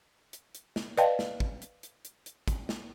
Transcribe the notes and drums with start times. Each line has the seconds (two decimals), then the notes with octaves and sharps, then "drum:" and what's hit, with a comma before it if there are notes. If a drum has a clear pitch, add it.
0.33 drum: hi-hat
0.55 drum: hi-hat
0.76 drum: snare
0.97 B4 D5 D#5 F5 G5 A5, drum: hi-hat
1.19 drum: snare
1.40 drum: kick
1.62 drum: hi-hat
1.83 drum: hi-hat
2.05 drum: hi-hat
2.26 drum: hi-hat
2.48 drum: kick, hi-hat
2.69 drum: snare